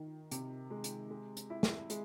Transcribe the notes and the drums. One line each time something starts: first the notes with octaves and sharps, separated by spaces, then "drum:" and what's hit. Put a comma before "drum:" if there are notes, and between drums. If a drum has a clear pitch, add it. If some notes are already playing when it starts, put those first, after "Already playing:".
Already playing: D#3
C3, drum: hi-hat
G#3
drum: hi-hat
G#3
drum: hi-hat
E4
drum: snare
G#3, drum: hi-hat